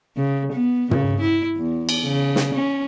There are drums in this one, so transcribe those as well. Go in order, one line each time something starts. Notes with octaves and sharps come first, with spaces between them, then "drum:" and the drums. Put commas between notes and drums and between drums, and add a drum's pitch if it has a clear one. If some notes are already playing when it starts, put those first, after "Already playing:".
C#3
B3
C#3, drum: tom
E4
E2
drum: cymbal
C#3
drum: snare
C#4